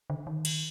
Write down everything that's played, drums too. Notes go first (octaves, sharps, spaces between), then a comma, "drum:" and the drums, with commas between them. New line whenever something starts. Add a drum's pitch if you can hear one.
D3
D#3
drum: cymbal